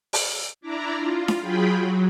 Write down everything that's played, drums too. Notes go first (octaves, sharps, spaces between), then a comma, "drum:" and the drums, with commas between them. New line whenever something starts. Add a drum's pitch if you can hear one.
drum: open hi-hat
D4 E4 D5 A#5
F4
drum: snare D4
F#3 F4 G#4 G5 B5
F#3